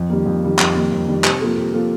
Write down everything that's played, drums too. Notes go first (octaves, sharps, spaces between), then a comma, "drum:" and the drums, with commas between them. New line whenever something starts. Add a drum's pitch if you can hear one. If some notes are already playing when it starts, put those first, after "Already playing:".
Already playing: F2
D#3 G3 A#3
F2
D#3 G3 A#3
F2, drum: clap
D#3 G3 A#3
F2
D#3 G3 A#3
C3, drum: clap
F3 A#3 F4 A4
C3
F3 A#3 F4 A4